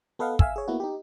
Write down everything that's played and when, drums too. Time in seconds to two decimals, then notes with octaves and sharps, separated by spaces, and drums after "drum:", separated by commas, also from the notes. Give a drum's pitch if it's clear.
0.19 B3 A4 B4 D#5 F5 F#5
0.39 E5 F5 G#5 E6, drum: kick
0.56 G#4 C#5
0.68 A#3 B3 E4 F#4
0.80 D#4 G4